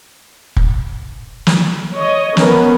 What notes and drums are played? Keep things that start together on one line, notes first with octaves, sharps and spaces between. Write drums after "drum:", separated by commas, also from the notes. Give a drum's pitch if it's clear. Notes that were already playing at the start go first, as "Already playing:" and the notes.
drum: kick
drum: snare
C#5 D#5
B3 C#4 A#4 B4, drum: snare